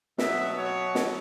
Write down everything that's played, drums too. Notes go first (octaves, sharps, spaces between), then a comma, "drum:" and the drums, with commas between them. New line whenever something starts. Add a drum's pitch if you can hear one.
B2 F#3 B3 E5, drum: snare
C#5
drum: snare